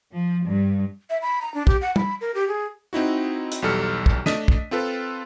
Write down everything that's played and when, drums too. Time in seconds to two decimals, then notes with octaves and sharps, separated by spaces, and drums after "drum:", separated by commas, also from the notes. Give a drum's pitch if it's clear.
0.14 F3
0.47 G2
1.10 E5
1.22 B5
1.42 A#5
1.54 D4
1.67 G4, drum: kick
1.82 F#5
1.96 B5, drum: tom
2.21 A#4
2.35 G4
2.48 G#4
2.93 C4 D#4 E4 F#4
3.52 drum: hi-hat
3.62 B1 E2 G3 A4 F6 C#7
4.06 drum: kick
4.26 A3 D4 D#5 D#6 B6 D#7, drum: snare
4.48 drum: kick
4.71 C4 F4 A4 B4